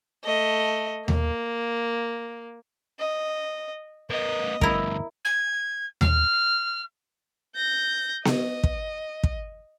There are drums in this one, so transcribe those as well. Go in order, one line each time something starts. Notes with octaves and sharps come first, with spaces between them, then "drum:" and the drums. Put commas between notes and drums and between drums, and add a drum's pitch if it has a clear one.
A3 D#5
A#3, drum: tom D#2
D#5
B3 A#4 D#5
D2 G2 E4 A#4, drum: kick
G#6
F6, drum: tom D#2
G6 A#6
D#5, drum: snare B3
drum: kick
drum: kick